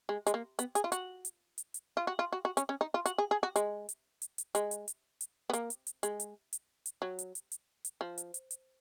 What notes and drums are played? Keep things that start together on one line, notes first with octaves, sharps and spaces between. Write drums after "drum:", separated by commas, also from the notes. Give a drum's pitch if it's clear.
G#3
G#3, drum: hi-hat
A#3
B3, drum: hi-hat
G#4, drum: hi-hat
F4
F#4, drum: hi-hat
drum: hi-hat
drum: hi-hat
drum: hi-hat
F4
F#4
F4
F#4
F#4
C#4, drum: hi-hat
C#4
D#4
F4
F#4, drum: hi-hat
G#4
G#4
F#4
G#3, drum: hi-hat
drum: hi-hat
drum: hi-hat
drum: hi-hat
G#3, drum: hi-hat
drum: hi-hat
drum: hi-hat
drum: hi-hat
B3
A#3, drum: hi-hat
drum: hi-hat
drum: hi-hat
G#3, drum: hi-hat
drum: hi-hat
drum: hi-hat
drum: hi-hat
F#3
drum: hi-hat
drum: hi-hat
drum: hi-hat
drum: hi-hat
F3
drum: hi-hat
drum: hi-hat
drum: hi-hat